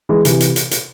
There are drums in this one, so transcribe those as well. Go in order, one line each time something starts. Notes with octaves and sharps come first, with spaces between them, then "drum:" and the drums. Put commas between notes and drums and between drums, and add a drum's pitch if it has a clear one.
E3 G#3
C3 E3, drum: hi-hat
drum: hi-hat
drum: hi-hat
drum: hi-hat